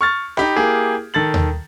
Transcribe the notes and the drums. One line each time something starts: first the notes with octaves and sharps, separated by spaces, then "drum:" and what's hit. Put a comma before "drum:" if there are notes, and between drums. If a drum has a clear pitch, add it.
C#6 F6 A6
D#4 G4 B5, drum: rim click
A#3 E4 G4 G#4
D#3 A4 A6 F#7
drum: tom D#2